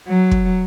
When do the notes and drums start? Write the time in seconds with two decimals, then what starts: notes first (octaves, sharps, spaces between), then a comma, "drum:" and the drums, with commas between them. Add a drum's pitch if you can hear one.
0.08 F#3
0.31 drum: kick